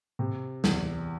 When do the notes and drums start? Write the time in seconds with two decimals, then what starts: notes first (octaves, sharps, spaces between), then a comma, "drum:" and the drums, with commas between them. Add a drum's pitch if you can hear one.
0.19 C3
0.64 E2, drum: snare